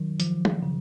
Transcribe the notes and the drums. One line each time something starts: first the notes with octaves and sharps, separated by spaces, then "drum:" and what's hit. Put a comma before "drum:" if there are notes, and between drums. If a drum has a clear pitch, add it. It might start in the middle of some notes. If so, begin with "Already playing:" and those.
Already playing: D#3 F#3
F3, drum: hi-hat
drum: tom
C#3